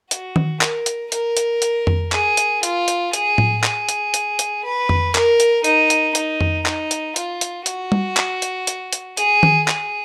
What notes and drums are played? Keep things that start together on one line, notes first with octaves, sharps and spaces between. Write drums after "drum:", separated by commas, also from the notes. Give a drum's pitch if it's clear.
F#4, drum: hi-hat
drum: tom D#3
A#4, drum: clap
drum: hi-hat
A#4, drum: hi-hat
drum: hi-hat
drum: hi-hat
drum: tom F2
G#4, drum: clap
drum: hi-hat
F4, drum: hi-hat
drum: hi-hat
G#4, drum: hi-hat
drum: tom A2
G#4, drum: clap
drum: hi-hat
drum: hi-hat
drum: hi-hat
B4
drum: tom F2
A#4, drum: clap
drum: hi-hat
D#4, drum: hi-hat
drum: hi-hat
D#4, drum: hi-hat
drum: tom F2
D#4, drum: clap
drum: hi-hat
F4, drum: hi-hat
drum: hi-hat
F#4, drum: hi-hat
drum: tom G3
drum: clap
drum: hi-hat
drum: hi-hat
drum: hi-hat
G#4, drum: hi-hat
drum: tom D#3
G#4, drum: clap